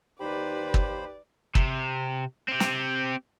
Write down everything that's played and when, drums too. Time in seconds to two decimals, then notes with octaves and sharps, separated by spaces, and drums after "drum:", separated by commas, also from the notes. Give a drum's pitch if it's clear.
0.20 D#2 D#4 G4 B4 C5 D5 B5
0.74 drum: kick
1.55 C3, drum: kick
2.48 C4 G4
2.60 drum: snare